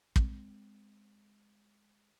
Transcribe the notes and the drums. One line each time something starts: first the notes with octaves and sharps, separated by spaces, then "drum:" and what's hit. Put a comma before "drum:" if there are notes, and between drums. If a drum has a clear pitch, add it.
G#3 C4, drum: kick